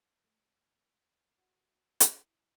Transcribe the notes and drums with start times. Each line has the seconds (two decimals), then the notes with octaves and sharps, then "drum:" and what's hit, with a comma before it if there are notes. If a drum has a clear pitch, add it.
0.24 A3
1.38 F#4
2.00 drum: hi-hat
2.13 E4